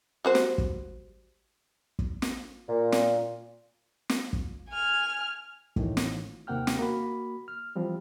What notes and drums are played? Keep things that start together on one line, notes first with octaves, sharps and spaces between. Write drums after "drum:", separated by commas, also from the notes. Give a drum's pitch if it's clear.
G3 F#4 C5
drum: snare
drum: kick
drum: kick
drum: snare
A#2
drum: snare
drum: snare
drum: kick
G#5 F6
A2 D#3 E3, drum: kick
drum: snare
D#2 C3 A#3 F#5 G5 F6
drum: snare
A#3 F#4 B5
F6
E3 F3 G3 C4